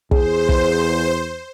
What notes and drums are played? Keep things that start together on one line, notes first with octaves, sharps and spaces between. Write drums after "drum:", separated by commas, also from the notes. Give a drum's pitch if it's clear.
E2 G#4 C5, drum: kick
drum: kick